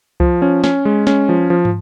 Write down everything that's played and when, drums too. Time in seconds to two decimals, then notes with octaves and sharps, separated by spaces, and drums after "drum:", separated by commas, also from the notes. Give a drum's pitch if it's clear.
0.20 F3, drum: kick C2
0.42 C#4
0.64 C#4, drum: snare
0.85 G#3
1.07 C#4, drum: snare
1.29 F3
1.50 F3
1.65 drum: tom